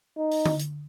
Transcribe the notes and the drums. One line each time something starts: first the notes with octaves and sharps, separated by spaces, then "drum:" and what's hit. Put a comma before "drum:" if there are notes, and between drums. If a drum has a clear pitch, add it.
D#4
drum: open hi-hat
drum: tom D3
drum: hi-hat